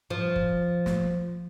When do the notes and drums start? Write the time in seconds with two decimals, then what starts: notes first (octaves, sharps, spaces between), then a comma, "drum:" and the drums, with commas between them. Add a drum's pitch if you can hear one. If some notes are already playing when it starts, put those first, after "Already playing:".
0.10 F3
0.36 drum: kick F#1
0.86 drum: snare